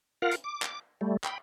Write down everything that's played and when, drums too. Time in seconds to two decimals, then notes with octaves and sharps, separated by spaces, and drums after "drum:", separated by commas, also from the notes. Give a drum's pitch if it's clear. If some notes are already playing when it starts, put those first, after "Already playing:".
0.22 F4 A#4 F5 F#5
0.31 drum: hi-hat
0.44 D6
0.62 drum: clap
1.01 G3 A3
1.24 G5 B5, drum: clap